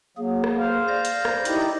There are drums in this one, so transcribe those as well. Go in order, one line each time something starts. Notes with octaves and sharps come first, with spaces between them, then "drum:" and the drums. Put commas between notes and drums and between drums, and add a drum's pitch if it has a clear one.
F#3 A#3 G#4
drum: rim click
C5 F5
D5 G6 A#6
drum: hi-hat
drum: rim click
D#4 E4 G4, drum: hi-hat